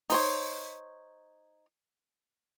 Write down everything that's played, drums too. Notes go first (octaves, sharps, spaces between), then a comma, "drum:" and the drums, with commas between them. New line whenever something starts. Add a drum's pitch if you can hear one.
D#4 C5 C#5, drum: open hi-hat